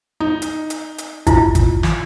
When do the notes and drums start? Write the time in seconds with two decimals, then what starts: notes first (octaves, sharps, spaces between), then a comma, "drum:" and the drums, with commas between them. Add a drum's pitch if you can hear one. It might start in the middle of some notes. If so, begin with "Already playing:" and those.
0.20 D#4
0.42 drum: hi-hat
0.70 drum: hi-hat
0.98 drum: hi-hat
1.27 E4 F4, drum: kick G#1, hi-hat
1.55 drum: kick G#1, hi-hat
1.83 drum: snare